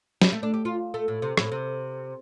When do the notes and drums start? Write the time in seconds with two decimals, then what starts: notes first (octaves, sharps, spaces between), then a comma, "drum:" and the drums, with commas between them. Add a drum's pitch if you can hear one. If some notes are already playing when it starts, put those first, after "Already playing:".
0.22 G3, drum: snare
0.32 A3
0.43 D4
0.54 G4
0.65 F4
0.94 A3
1.08 A2
1.22 C3
1.37 A2, drum: rim click
1.52 C3